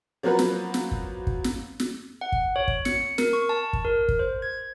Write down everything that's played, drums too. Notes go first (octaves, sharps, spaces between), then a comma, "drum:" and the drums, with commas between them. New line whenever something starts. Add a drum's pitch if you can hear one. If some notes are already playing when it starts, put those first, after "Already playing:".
F3 F#3 A#3 F#4 A#4 B4
drum: snare
drum: snare
drum: kick
drum: kick
drum: snare
drum: snare
F#5
drum: kick
C#5
drum: kick
C#7, drum: snare
A#4, drum: snare
C#6
A5
drum: kick
A#4
drum: kick
C5
G#6